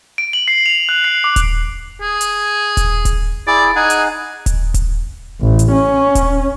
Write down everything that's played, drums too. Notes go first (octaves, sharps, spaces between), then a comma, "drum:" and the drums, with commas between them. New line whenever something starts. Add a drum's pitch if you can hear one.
D7
F#7
C7
F7
F#6
C7
D6
drum: kick D#1, hi-hat
G#4
drum: hi-hat
drum: kick D#1, hi-hat
drum: kick D#1, hi-hat
E4 G#4 D5
D#4 G#4 F#5 G#5
drum: hi-hat
drum: kick D#1, hi-hat
drum: kick D#1, hi-hat
A1
drum: hi-hat
C#4
drum: kick D#1, hi-hat